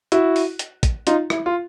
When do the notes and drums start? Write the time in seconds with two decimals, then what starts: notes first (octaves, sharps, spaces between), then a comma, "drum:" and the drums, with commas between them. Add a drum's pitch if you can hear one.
0.12 E4 F#4, drum: hi-hat
0.36 drum: open hi-hat
0.59 drum: hi-hat
0.83 drum: kick, hi-hat
1.07 D#4 F4, drum: hi-hat
1.30 E4, drum: rim click
1.46 F4